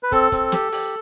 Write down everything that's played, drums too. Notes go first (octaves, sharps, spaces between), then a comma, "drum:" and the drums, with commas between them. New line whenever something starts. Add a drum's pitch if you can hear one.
B4
C4 A4, drum: kick, hi-hat
C4, drum: kick, hi-hat
G4, drum: snare
G4, drum: open hi-hat